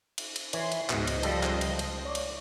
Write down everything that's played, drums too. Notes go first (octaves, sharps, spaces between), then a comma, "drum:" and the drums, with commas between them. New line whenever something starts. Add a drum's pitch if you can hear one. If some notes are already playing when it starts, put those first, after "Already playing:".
drum: cymbal
drum: cymbal
E3 C#5 B5 C6, drum: cymbal
drum: cymbal
C#2 G#2 B2 C5 D#5, drum: clap
drum: cymbal
F3 G3 A4, drum: cymbal
drum: clap
drum: cymbal
drum: cymbal
C#5 D5
drum: cymbal